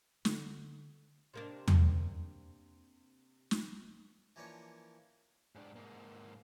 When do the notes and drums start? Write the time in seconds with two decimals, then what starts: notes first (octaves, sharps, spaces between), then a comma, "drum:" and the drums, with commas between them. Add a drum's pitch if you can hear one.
0.25 D3, drum: snare
1.34 C3 A#3 D4
1.68 drum: tom E2
3.51 drum: snare
4.36 E3 F3 A#3 C#4 D4 C#5
5.55 G#2 D4
5.76 G#2 A#3